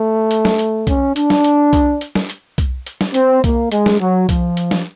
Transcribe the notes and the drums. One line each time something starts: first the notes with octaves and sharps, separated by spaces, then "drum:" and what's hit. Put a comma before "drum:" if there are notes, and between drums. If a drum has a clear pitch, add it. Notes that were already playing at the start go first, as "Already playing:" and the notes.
Already playing: A3
drum: hi-hat
drum: snare
drum: hi-hat
C#4, drum: kick C2, hi-hat
D4, drum: hi-hat
drum: snare
drum: hi-hat
drum: kick C2, hi-hat
drum: hi-hat
drum: snare
drum: hi-hat
drum: kick C2, hi-hat
drum: hi-hat
drum: snare
C4, drum: hi-hat
A#3, drum: kick C2, hi-hat
G#3, drum: hi-hat
drum: snare
F#3
F3, drum: kick C2, hi-hat
drum: hi-hat
drum: snare